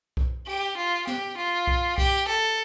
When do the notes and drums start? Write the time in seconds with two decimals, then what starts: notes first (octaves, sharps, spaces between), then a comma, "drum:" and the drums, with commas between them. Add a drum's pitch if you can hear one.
0.17 drum: kick B1
0.47 G4
0.77 F4
1.07 G4, drum: snare
1.37 F4
1.67 drum: kick B1
1.98 G4, drum: kick B1
2.28 A4